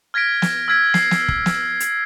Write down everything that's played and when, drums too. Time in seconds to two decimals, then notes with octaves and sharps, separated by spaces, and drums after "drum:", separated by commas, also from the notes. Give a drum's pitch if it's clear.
0.14 F6 G#6 A#6 B6 D7
0.42 drum: snare
0.68 E6 F6 G#6 B6 D7
0.94 C7, drum: snare
1.11 drum: snare
1.28 drum: kick
1.46 drum: snare
1.80 drum: hi-hat